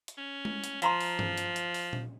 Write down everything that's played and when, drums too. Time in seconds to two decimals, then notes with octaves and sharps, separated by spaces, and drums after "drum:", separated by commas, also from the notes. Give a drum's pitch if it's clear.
0.08 drum: hi-hat
0.18 C#4
0.45 drum: tom G#3
0.64 drum: hi-hat
0.82 F3 F5 A#5 C6, drum: hi-hat
1.01 drum: open hi-hat
1.19 drum: tom G2
1.37 drum: hi-hat
1.56 drum: hi-hat
1.74 drum: open hi-hat
1.93 drum: tom A#2